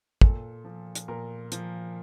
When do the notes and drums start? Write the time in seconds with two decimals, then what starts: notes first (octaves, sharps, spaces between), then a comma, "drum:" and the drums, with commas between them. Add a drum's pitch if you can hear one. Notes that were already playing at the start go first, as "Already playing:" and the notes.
0.21 A#2 A4, drum: kick
0.65 F3
0.95 drum: hi-hat
1.08 A#2 A#4
1.52 F3, drum: hi-hat